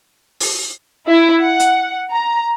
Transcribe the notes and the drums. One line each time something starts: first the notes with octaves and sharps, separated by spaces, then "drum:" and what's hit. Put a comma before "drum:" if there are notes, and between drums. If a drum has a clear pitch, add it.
drum: open hi-hat
E4
F#5
drum: hi-hat
A#5